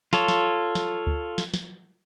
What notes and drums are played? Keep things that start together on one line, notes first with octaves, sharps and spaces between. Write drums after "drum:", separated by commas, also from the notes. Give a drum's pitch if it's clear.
F4 A4 C#5, drum: snare
drum: snare
drum: snare
drum: kick D2
drum: snare
drum: snare